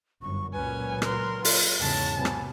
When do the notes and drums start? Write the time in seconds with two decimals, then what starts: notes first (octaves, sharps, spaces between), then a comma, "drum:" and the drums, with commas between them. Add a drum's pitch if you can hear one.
0.22 G1 F#2 C#6
0.53 C#2 A#2 F#3 C#4 B4 G#5
1.02 A#4 C6, drum: rim click
1.45 F4, drum: open hi-hat
1.80 E2 G#2 C#3 A5
2.16 C3 F#3 B3 G#5
2.25 drum: rim click